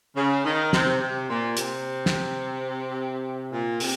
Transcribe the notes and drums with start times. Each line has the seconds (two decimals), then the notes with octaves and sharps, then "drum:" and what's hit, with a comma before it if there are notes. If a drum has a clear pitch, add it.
0.16 C#3
0.44 D#3
0.73 C3, drum: snare
1.01 C3
1.28 A#2
1.57 C3, drum: hi-hat
2.06 drum: snare
3.52 A#2
3.80 C3, drum: open hi-hat